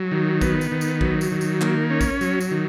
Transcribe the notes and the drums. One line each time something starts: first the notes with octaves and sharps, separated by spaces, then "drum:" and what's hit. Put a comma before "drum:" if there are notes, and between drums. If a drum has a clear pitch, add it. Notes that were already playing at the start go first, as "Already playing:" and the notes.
Already playing: F#3
D#3
B3, drum: kick, tambourine
drum: tambourine
D#3
drum: tambourine
F#3, drum: kick
drum: tambourine
D#3
drum: tambourine
A#3, drum: clap
C#4
drum: kick, tambourine
F#3, drum: tambourine
drum: tambourine
D#3